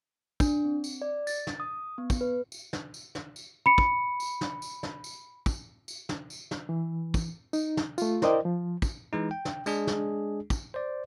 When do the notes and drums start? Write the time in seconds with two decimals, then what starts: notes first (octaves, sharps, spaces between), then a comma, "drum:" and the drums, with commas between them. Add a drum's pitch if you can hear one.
0.40 D4, drum: kick, tambourine
0.65 C4
0.84 drum: tambourine
1.02 D5
1.27 A6, drum: tambourine
1.47 drum: snare
1.60 D#6
1.98 B3
2.10 drum: kick, tambourine
2.21 B4
2.52 drum: tambourine
2.73 drum: snare
2.94 drum: tambourine
3.15 drum: snare
3.36 drum: tambourine
3.66 B5 C#7
3.78 drum: kick
4.20 drum: tambourine
4.41 drum: snare
4.62 drum: tambourine
4.83 drum: snare
5.04 drum: tambourine
5.46 drum: kick, tambourine
5.88 drum: tambourine
6.09 drum: snare
6.30 drum: tambourine
6.51 drum: snare
6.69 E3
7.14 drum: kick, tambourine
7.53 D#4, drum: tambourine
7.77 drum: snare
7.98 A3 F4, drum: tambourine
8.22 E4 A#4 C5 D5 D#5 G5, drum: snare
8.45 F3
8.82 drum: kick, tambourine
9.13 E3 G#3 D#4
9.31 G5
9.45 drum: snare
9.66 G#3 D4 G#4, drum: tambourine
9.87 drum: snare
10.50 drum: kick, tambourine
10.74 C5 D5